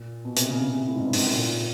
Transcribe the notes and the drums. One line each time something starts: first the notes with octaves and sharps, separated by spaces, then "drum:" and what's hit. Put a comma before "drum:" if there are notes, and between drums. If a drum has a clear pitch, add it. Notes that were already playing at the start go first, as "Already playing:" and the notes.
Already playing: A#2
B2
C3, drum: hi-hat
C#3
C#3
C3
A2
G#2
G2
G#2, drum: open hi-hat
A2
A#2